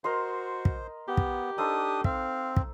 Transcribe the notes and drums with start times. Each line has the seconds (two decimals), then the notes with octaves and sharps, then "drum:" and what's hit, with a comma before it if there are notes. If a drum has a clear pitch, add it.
0.04 F#4 A#4 C5 D#5 C6
0.65 drum: kick
1.08 B3 G4
1.17 drum: kick
1.58 D4 D#4 A4 C5 D#6
2.04 C4 F5, drum: kick
2.57 drum: kick